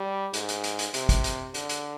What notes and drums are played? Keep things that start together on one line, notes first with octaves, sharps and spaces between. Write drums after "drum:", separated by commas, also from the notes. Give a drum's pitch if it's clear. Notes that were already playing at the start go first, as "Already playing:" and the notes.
Already playing: G3
G#2, drum: hi-hat
drum: hi-hat
drum: hi-hat
drum: hi-hat
C3, drum: hi-hat
drum: kick, hi-hat
drum: hi-hat
D3, drum: hi-hat
drum: hi-hat